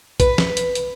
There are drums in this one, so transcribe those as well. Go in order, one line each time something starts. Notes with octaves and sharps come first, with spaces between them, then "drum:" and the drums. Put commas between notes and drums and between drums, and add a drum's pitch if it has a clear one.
B4, drum: kick A#1, hi-hat
drum: snare
drum: hi-hat
drum: hi-hat